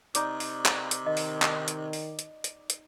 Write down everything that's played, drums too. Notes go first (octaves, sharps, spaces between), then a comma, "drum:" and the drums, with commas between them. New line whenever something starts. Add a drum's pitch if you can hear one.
C3 D#4 D5, drum: hi-hat
drum: open hi-hat
drum: clap
drum: hi-hat
D#3 D#5
drum: open hi-hat
drum: clap
drum: hi-hat
drum: open hi-hat
drum: hi-hat
drum: hi-hat
drum: hi-hat